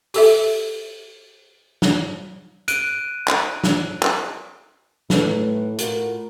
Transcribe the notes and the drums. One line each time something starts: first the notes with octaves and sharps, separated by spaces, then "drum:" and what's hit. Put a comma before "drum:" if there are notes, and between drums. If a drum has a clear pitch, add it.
G4 A4 E5, drum: open hi-hat
drum: snare
F#6 D7 D#7, drum: hi-hat
drum: clap
drum: snare
drum: clap
A2 E3 A3 D#4, drum: snare
A2 F4 F#4 A#4, drum: hi-hat